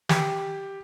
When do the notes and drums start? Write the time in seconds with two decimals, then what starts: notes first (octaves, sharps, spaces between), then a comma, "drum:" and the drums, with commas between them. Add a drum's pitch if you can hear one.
0.09 G4, drum: snare